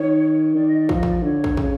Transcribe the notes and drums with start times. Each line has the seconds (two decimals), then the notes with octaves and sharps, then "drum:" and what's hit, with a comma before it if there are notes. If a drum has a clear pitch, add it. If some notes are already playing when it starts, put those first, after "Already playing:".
Already playing: D#3 C#5
0.55 D#3 D5
0.67 D#5
0.79 D5
0.89 F3 D#5, drum: kick
1.03 D5, drum: kick
1.23 D3 C#5
1.44 drum: kick
1.57 C#3, drum: kick